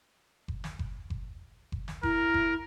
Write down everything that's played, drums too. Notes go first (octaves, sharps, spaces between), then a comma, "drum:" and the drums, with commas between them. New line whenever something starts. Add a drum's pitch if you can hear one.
drum: kick F#1
drum: snare
drum: kick F#1
drum: kick F#1
drum: kick F#1
drum: snare
E4 A#4, drum: kick F#1
drum: kick F#1